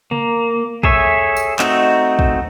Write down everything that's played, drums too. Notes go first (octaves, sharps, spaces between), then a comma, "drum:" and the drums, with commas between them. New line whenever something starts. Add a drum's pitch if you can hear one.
A#3, drum: tom C#3
G#4 A4 C#5 E5, drum: kick
drum: tambourine
A3 C4 D#4 F#4, drum: clap
drum: kick